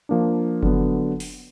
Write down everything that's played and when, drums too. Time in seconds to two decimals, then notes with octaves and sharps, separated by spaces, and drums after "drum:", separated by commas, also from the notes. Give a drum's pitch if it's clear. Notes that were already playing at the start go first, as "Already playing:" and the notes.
0.09 F3 A#3 D4
0.63 D3 F#3 B3, drum: kick F#1
1.20 drum: open hi-hat